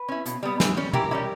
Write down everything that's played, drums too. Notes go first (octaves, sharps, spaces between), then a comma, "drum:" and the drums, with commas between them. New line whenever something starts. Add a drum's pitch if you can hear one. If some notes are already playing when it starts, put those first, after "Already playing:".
Already playing: B4
C#4 E4
B2, drum: hi-hat
G3 B3
E3, drum: snare
G3 C#4
E3 G4 A#4, drum: tom
G3 C#4 E4